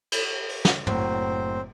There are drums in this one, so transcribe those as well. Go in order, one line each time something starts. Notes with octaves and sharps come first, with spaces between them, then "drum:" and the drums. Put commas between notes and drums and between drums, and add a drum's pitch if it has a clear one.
drum: cymbal
drum: open hi-hat
drum: snare
F#1 A2 F#3 C4 C5, drum: tom